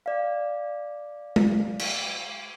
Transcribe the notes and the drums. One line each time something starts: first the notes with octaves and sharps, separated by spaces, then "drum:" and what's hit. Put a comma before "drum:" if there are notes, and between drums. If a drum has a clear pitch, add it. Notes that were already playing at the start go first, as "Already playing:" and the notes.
D5 F5
drum: tom G#3
drum: cymbal